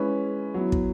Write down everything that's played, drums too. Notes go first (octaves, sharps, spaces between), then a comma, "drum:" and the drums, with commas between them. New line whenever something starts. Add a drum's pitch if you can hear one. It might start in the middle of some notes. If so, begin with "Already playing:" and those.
Already playing: G#3 C#4 E4 B4
F#3 B3 E4
drum: kick